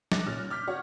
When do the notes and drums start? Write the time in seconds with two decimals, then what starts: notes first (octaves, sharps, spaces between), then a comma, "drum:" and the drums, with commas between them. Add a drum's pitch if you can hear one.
0.12 D6 F#6 A6 A#6, drum: snare
0.26 A#2 C#4 F6 F7
0.51 D6 F6 G6 B6
0.67 F#4 C#5 D5 F#5